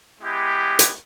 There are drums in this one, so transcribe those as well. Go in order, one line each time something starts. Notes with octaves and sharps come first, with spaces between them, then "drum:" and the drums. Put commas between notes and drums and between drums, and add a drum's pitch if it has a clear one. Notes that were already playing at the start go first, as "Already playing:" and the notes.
G#3 B3 E4 G4
drum: hi-hat